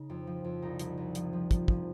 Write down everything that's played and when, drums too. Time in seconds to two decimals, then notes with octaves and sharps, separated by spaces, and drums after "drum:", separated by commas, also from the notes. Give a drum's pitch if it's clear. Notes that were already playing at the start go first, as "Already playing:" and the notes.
Already playing: C#3 D#4
0.10 F2
0.27 F3
0.44 F2
0.62 C2 D#4
0.79 C2, drum: hi-hat
0.97 C2
1.15 F3, drum: hi-hat
1.33 F3
1.51 F3, drum: kick, hi-hat
1.68 F3, drum: kick